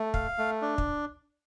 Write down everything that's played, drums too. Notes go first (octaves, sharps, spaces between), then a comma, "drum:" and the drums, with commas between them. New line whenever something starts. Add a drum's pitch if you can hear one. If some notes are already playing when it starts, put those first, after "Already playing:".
Already playing: A3
F5, drum: kick
A3
D4
drum: kick